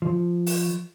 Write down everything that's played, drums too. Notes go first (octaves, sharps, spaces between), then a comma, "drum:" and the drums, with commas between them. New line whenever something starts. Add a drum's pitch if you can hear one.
F3
drum: open hi-hat